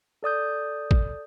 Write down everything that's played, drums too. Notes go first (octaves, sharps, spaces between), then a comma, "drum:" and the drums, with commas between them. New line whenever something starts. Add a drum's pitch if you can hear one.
A4 D5 D#6 G6
drum: kick